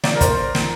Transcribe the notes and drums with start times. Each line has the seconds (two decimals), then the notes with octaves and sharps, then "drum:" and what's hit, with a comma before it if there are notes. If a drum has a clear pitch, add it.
0.04 D5, drum: snare
0.15 A#4
0.21 C5, drum: kick, hi-hat
0.55 drum: snare